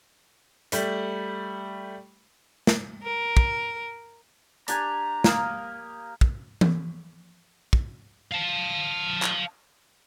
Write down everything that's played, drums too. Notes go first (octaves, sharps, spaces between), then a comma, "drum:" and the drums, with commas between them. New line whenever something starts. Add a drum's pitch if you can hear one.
G3 A3, drum: hi-hat
drum: snare
A#4
drum: kick
D4 G4 G#5 A#5, drum: hi-hat
A#3 A#4 D#6, drum: snare
drum: kick
drum: tom E3
drum: kick
F5 A5
drum: clap